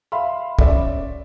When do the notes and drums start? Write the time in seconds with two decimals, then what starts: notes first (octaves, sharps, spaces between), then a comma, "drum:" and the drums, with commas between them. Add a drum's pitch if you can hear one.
0.12 E5 F5 B5 C6
0.59 C#4 D5 E5, drum: kick